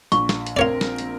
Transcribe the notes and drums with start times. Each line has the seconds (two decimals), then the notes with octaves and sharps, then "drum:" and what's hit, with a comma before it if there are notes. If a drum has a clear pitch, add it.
0.12 A#1 C#6, drum: hi-hat
0.29 drum: snare
0.46 drum: hi-hat
0.57 C4 F4 A#4 C#5 D5
0.81 drum: snare
0.98 drum: hi-hat